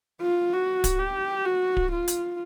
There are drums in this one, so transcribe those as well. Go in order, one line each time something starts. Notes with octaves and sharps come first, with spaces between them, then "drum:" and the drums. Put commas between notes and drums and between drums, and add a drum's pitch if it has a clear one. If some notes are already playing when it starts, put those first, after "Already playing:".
F4
F#4
drum: kick D1, hi-hat
G4
F#4
drum: kick D1
F4
drum: hi-hat